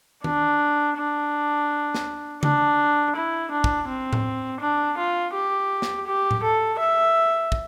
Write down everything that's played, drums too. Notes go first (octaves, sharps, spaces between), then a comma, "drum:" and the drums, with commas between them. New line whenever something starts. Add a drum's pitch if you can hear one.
D4, drum: tom D#3
D4
drum: snare
D4, drum: tom C#3
E4
D4
drum: kick
C4
drum: tom A2
D4
F4
G4
drum: snare
G4
drum: tom A2
A4
E5
drum: kick